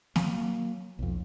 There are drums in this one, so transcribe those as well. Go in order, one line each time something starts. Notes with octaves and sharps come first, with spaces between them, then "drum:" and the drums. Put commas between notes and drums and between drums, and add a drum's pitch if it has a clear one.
F#3 A#3, drum: snare
B1 F2